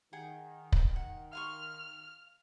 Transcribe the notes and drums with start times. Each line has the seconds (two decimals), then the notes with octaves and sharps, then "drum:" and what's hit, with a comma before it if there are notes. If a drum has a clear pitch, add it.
0.13 D#3 G#4 F#5 G5
0.72 drum: kick
0.96 F#5
1.33 F5 C6 C#6 F6